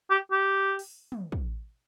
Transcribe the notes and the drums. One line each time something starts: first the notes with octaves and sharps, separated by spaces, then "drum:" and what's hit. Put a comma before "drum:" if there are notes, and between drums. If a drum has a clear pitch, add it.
G4
G4
drum: open hi-hat
drum: tom
drum: kick